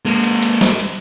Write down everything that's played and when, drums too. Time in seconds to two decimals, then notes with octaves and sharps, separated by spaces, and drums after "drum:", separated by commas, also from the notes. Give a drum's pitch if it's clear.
0.05 G#3 A#3
0.24 drum: cymbal
0.43 drum: cymbal
0.61 drum: snare
0.80 drum: cymbal